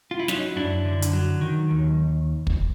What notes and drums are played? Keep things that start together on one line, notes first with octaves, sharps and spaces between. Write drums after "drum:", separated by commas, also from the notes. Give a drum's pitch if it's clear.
F4
E4
F#3 C#4 D#4, drum: snare
F#2 D4 E4
D3
drum: hi-hat
F#3
D#3
D#2
drum: kick